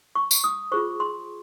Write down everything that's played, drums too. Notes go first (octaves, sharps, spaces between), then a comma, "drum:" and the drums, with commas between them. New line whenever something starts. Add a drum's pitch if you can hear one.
C#6
drum: tambourine
D#6
F4 G#4 C5 C#6
C6